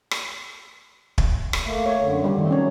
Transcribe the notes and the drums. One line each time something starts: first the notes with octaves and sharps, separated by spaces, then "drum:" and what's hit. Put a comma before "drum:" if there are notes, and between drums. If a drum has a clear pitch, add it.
drum: rim click
drum: kick
drum: rim click
A3 A#3
C#5
F#2 D3
G3 G4
D#3 A3 C4
F#3 C#4 C#5